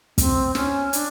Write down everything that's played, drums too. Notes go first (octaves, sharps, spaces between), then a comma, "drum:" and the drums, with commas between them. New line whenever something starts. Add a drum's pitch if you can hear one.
C4, drum: kick, hi-hat
C#4, drum: snare
D4, drum: hi-hat